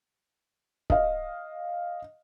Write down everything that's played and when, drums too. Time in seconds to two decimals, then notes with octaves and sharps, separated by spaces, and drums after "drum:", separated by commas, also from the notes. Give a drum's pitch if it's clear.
0.90 D#5 F5, drum: kick